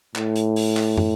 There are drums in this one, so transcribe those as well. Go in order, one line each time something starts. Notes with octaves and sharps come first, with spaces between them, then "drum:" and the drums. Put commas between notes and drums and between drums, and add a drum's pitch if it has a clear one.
A2, drum: clap
drum: hi-hat
drum: open hi-hat
drum: clap
drum: tom